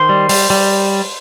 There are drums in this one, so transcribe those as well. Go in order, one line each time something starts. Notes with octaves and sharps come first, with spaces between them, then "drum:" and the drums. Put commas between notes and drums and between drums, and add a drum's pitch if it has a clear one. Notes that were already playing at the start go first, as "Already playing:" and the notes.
Already playing: D#3 C5
G3
G3, drum: open hi-hat
G3